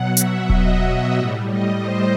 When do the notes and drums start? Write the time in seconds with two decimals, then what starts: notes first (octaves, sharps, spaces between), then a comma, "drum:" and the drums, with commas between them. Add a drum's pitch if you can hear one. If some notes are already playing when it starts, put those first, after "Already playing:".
Already playing: B2 F#3 F#5
0.17 E5, drum: hi-hat
0.50 D#5, drum: kick D#1
1.16 A2 G3
1.50 D#5
1.83 C5